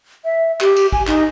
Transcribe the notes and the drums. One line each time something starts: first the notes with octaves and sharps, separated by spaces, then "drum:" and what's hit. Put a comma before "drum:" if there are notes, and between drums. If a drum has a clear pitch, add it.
E5
G4, drum: clap
drum: cymbal
G#5, drum: kick
D#4, drum: clap